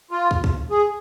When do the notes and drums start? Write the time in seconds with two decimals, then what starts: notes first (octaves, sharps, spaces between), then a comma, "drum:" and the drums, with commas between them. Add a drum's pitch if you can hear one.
0.11 F4
0.31 drum: kick
0.44 drum: kick
0.71 G#4